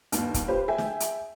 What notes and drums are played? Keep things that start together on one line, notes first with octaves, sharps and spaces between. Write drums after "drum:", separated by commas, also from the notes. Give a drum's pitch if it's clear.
G1 D#2, drum: hi-hat
drum: kick, hi-hat
F4 G4 B4 C5
G#4 E5 G5 G#5
drum: snare
drum: hi-hat